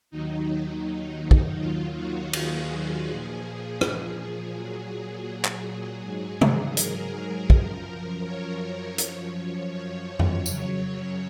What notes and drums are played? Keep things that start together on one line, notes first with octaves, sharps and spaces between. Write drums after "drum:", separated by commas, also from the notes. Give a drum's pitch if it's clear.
D#2 D#3 F#3 D#4
drum: kick
D#2 D#3 F#3 F4
F#4
G#4, drum: cymbal
A#2 F3
G#4, drum: rim click
A#2 F#3
drum: clap
G#2 F#3
drum: tom C3
A#4, drum: hi-hat
F#2 F3, drum: kick
C#5
F#2 F3, drum: hi-hat
C#5
drum: tom F2
F#2 C#3 F#3, drum: tambourine